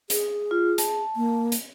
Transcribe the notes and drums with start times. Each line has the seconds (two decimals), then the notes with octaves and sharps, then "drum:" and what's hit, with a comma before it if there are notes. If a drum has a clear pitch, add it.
0.10 G#4, drum: hi-hat
0.51 F4
0.78 A5, drum: hi-hat
1.16 A#3
1.52 drum: hi-hat